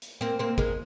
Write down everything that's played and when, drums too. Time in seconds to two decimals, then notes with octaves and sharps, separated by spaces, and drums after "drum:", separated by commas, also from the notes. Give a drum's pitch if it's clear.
0.02 drum: hi-hat
0.21 A#3 C4
0.39 A#3 C4
0.58 G#3 A#3, drum: kick